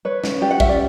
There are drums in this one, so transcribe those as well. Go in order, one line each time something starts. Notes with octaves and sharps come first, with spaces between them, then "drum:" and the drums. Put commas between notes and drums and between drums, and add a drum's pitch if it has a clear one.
B4 C#5
C#4, drum: snare
G4 D5
F#5
C#4 E5, drum: kick
D5